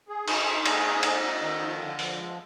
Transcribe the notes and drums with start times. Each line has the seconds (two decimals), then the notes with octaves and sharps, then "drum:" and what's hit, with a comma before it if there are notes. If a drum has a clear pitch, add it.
0.08 G#4
0.28 D#4, drum: cymbal
0.47 D#4
0.66 G#4, drum: cymbal
0.84 D#4
1.03 D#4, drum: cymbal
1.22 D#4
1.41 D#3
1.60 F3
1.80 D3
1.99 F3, drum: open hi-hat
2.18 G#3